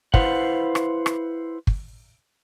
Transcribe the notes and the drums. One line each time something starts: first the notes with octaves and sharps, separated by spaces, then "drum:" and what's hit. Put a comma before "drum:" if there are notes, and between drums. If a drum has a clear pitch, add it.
E4 B4 C5 F5 F#5, drum: kick
drum: rim click
drum: rim click
drum: kick